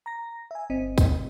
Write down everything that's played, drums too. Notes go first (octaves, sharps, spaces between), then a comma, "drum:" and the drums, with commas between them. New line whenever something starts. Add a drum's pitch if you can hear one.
A#5 A#6
E5 G#5
G1 C4 D#5
drum: kick, tambourine